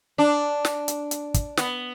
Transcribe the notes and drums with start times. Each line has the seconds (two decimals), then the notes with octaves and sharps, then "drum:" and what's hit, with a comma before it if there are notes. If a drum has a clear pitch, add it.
0.18 D4
0.65 drum: snare
0.88 drum: hi-hat
1.11 drum: hi-hat
1.34 drum: kick, hi-hat
1.57 B3, drum: snare